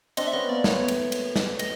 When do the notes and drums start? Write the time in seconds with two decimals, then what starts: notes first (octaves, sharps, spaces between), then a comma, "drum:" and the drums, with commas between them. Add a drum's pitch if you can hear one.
0.17 C4 D4 D#5, drum: cymbal
0.27 E5
0.33 B3 C#4 D#5
0.49 A#3 C4 D5
0.64 A3 B3 C#5, drum: snare
0.88 drum: cymbal
1.12 drum: cymbal
1.36 drum: snare
1.59 D#5, drum: cymbal